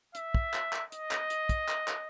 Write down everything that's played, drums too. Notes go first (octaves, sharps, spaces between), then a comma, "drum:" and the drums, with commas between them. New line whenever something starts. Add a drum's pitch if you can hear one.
E5, drum: hi-hat
drum: kick
drum: clap
drum: clap
D#5, drum: hi-hat
drum: clap
drum: hi-hat
drum: kick, hi-hat
drum: clap
drum: clap